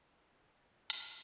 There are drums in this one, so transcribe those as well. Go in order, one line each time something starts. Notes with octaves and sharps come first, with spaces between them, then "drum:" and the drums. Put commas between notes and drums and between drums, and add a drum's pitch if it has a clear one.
F#3 G#3 A#3 C#4 F#4 A#4
drum: hi-hat